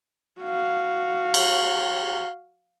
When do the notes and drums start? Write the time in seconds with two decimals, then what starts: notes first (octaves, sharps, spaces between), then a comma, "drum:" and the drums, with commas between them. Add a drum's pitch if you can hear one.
0.41 F#4 F5
1.34 drum: cymbal